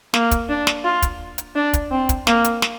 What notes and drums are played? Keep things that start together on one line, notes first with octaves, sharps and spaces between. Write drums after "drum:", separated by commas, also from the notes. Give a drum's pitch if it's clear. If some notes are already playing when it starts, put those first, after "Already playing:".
A#3, drum: snare
drum: kick, hi-hat
D4
drum: snare
F4
drum: kick, hi-hat
drum: hi-hat
D4
drum: kick, hi-hat
C4
drum: kick, hi-hat
A#3, drum: snare
drum: hi-hat
drum: snare